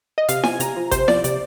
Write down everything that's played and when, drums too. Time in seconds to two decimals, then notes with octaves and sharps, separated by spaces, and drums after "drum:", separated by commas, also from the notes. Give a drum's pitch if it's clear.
0.18 D#5
0.29 C3 F5, drum: hi-hat
0.43 F3 G#5, drum: snare E4
0.60 C3 A#5, drum: hi-hat
0.77 F3
0.91 C3 C5, drum: kick G#1, hi-hat
1.08 F3 D5, drum: snare E4
1.24 C3 D5, drum: hi-hat